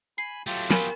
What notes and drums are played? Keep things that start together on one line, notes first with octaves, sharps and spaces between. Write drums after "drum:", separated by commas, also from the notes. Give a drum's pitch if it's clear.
G#5 B5 C7
F#3 A3 F4 G4 G5
F#3 B3 A#4 G#5 B5, drum: snare